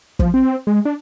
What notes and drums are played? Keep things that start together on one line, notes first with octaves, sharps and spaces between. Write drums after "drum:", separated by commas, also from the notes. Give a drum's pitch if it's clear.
F3, drum: kick
C4
G#3
D4